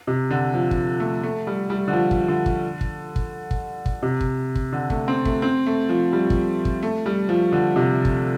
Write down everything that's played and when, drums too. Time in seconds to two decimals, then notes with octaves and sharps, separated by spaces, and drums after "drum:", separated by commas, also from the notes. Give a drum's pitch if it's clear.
0.07 C3
0.30 D3
0.54 F3
0.71 drum: kick
1.00 A3
1.23 A3
1.47 G3
1.70 G3
1.88 D3
1.93 F3
2.11 drum: kick
2.28 D3
2.46 drum: kick
2.81 drum: kick
3.16 drum: kick
3.51 drum: kick
3.86 drum: kick
4.02 C3
4.21 drum: kick
4.55 drum: kick
4.72 D3
4.90 A3, drum: kick
5.08 C4
5.25 A3, drum: kick
5.42 C4
5.66 A3
5.89 F3
6.13 G3
6.30 drum: kick
6.65 drum: kick
6.83 A3
7.06 G3
7.29 F3
7.52 D3
7.76 C3
8.05 drum: kick